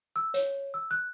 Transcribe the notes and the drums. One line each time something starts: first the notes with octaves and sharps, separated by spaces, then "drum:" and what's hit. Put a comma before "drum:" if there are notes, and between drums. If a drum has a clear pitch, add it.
E6
C#5, drum: hi-hat
E6
F#6